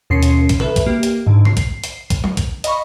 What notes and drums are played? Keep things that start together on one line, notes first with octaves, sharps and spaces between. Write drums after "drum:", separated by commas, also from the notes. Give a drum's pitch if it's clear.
D#2 B2 C#4 C6 C7 C#7
drum: hi-hat
drum: kick, hi-hat
A4 B4 E5, drum: tom C3
drum: kick, hi-hat
A#3 G4
drum: hi-hat
G#2 D3
C7, drum: tom C3
drum: kick, hi-hat
drum: hi-hat
drum: kick, hi-hat
drum: tom F#3
drum: kick, hi-hat
D#5 F5 B5 C#6, drum: hi-hat